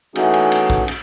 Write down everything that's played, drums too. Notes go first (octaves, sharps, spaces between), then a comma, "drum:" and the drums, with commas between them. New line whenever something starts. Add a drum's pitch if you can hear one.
E3 A3 C#4 D#4 F#4 G#4, drum: cymbal
drum: cymbal
drum: cymbal
drum: kick
drum: cymbal